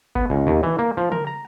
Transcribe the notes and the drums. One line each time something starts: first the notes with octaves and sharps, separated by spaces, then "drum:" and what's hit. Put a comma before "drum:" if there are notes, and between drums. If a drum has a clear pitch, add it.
B3, drum: kick G1
C#2
D#2
E3
A#3
F3
A#4, drum: tom
A#5